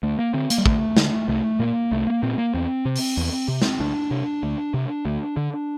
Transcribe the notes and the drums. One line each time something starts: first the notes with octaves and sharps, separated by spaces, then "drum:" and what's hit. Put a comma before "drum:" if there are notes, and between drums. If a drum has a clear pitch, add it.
D2 A3
A#3
D3 C4
A#3, drum: hi-hat
G3
D2 A3, drum: kick
D3, drum: snare
C2 A3
A#2 A#3
C2 A3
A#3
A#2 C4
C4
A#3
E2 C4
C3
drum: open hi-hat
E2
C3
drum: snare
D2 D4
C3
D2
C3
D2
D3